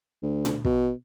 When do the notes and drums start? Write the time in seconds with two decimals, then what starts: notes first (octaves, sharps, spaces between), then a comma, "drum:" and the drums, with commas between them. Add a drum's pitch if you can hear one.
0.22 D2
0.45 drum: tom A#2
0.65 B2, drum: kick